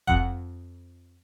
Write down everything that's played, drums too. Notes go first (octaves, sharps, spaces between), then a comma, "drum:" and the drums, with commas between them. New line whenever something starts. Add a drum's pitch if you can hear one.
F2 F#5, drum: kick F1